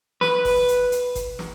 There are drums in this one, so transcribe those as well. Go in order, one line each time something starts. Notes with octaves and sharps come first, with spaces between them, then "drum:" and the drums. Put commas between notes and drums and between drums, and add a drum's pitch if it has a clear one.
B4, drum: snare
drum: kick G1, open hi-hat
drum: hi-hat
drum: hi-hat
drum: kick G1, hi-hat
drum: snare